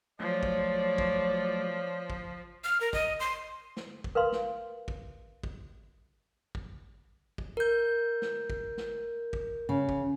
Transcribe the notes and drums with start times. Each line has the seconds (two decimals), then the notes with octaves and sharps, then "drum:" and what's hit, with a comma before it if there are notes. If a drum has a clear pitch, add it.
0.20 F3 F#3 A3 C#5 D5
0.43 drum: kick
0.98 drum: kick
2.10 drum: kick
2.64 F6
2.81 A#4
2.93 D#5, drum: kick
3.20 C6
3.77 drum: snare
4.04 drum: kick
4.15 A#4 B4 F5 C6
4.32 drum: snare
4.88 drum: kick
5.44 drum: kick
6.55 drum: kick
7.38 drum: kick
7.57 A#4 G6
8.22 drum: snare
8.50 drum: kick
8.77 drum: snare
9.33 drum: kick
9.69 C#3
9.89 drum: kick